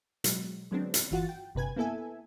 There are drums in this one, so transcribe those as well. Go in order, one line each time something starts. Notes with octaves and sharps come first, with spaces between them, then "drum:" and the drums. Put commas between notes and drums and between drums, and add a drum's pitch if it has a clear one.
B2 F#3 G#3, drum: hi-hat
D3 F#3 G#3 B3 C4 D4
drum: hi-hat
G1 E3 F4 F#4 F#5 A6
G5
G1 C3 B4 G#5 G#6
A#3 B3 E4 A4 E5 G#5